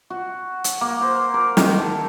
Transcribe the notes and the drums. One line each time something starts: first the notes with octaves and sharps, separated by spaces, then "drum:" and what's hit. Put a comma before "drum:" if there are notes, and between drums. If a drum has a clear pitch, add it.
F#4
drum: hi-hat
A#3
C5
A#4
D#3, drum: snare
A4